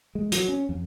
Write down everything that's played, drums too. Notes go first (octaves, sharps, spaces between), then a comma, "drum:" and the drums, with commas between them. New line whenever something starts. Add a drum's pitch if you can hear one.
G#3
F#3, drum: hi-hat
C#4
F2